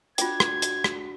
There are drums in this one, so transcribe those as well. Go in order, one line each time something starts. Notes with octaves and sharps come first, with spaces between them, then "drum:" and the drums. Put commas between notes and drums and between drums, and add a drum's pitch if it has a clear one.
D4 F4 F#4 G5 G#6, drum: hi-hat
drum: rim click
drum: hi-hat
drum: rim click